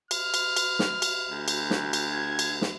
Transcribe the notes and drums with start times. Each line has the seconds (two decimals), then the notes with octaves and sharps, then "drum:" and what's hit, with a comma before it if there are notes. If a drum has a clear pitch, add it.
0.11 F6, drum: cymbal
0.34 drum: cymbal
0.57 drum: cymbal
0.79 drum: snare
1.02 drum: cymbal
1.30 D2
1.48 drum: cymbal
1.70 drum: snare
1.93 drum: cymbal
2.12 G#6
2.39 drum: cymbal
2.62 drum: snare